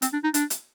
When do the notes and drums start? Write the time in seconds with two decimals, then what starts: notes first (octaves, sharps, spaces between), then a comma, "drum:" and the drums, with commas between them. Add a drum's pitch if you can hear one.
0.02 C4, drum: hi-hat
0.13 D4
0.24 D#4
0.34 D4, drum: hi-hat
0.50 drum: hi-hat